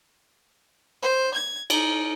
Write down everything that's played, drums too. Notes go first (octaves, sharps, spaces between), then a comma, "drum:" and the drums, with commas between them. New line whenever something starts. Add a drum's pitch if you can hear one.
C5
G#6
D#4, drum: cymbal